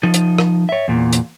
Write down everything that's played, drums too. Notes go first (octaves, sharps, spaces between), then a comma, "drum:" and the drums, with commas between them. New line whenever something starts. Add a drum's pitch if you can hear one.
F3 D#4
drum: hi-hat
drum: rim click
C#5 E5
E2 A#2
drum: hi-hat